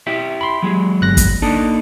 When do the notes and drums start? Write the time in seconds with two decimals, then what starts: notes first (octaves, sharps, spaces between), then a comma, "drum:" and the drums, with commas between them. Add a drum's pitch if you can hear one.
0.07 E4 G4 E5
0.41 B5 C6
0.63 F#3 G#3
1.01 G1 F#6 A#6
1.17 drum: kick, hi-hat
1.42 A#3 D4 D#4 A4